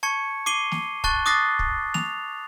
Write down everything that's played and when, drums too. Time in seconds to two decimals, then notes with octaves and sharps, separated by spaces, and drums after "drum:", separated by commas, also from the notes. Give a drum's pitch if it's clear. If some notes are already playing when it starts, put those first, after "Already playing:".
0.03 A5 C#6 G#6 C#7
0.46 D6 C7 D#7 G7
0.72 drum: snare
1.04 A5 C#6 F#6 A6 G7, drum: kick
1.26 D6 D#6 F#6 A6 A#6 C7
1.59 drum: kick
1.94 F7, drum: snare